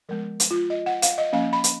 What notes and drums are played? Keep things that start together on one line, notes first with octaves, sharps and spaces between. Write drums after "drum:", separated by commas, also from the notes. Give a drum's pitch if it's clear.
F3 G#3 B3 A#4
drum: hi-hat
F4
D#5
F#5
F5, drum: hi-hat
D#5
F3 A#3 C#4 F5
B5
drum: hi-hat